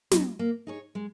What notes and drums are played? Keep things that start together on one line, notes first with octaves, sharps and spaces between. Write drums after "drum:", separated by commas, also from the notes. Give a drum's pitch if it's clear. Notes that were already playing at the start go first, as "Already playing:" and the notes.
F#3 B3 D#4, drum: snare
A#3
D#4 G#4 C#5
G#3